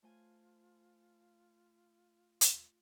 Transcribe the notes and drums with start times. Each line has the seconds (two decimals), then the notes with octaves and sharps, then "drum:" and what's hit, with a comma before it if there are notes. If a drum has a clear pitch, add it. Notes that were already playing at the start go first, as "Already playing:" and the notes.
0.02 A3 F4 C5 G#5
2.41 drum: hi-hat